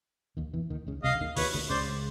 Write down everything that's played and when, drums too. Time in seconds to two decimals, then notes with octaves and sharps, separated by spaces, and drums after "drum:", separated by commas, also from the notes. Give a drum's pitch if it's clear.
0.37 D#2 D#3
0.54 E2 E3
0.70 D#2 D#3
0.87 C#2 C#3
1.03 C2 C3 D#5 F5
1.15 D3
1.21 D#2 D#3
1.36 D#2 D#3 B4 C#5, drum: open hi-hat
1.54 D2 D3
1.70 C#2 C#3 C5 D5